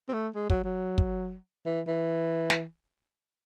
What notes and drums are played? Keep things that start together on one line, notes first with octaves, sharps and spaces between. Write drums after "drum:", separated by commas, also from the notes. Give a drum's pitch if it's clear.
C4
A3
G#3
F#3, drum: kick
F#3
drum: kick
E3
E3
drum: snare